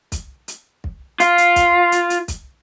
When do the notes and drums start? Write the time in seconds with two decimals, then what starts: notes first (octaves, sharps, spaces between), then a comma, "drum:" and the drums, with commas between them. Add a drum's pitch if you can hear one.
0.12 drum: kick, hi-hat
0.48 drum: hi-hat
0.84 drum: kick
1.20 F4, drum: hi-hat
1.38 drum: hi-hat
1.56 drum: kick, hi-hat
1.92 drum: hi-hat
2.10 drum: hi-hat
2.28 drum: kick, hi-hat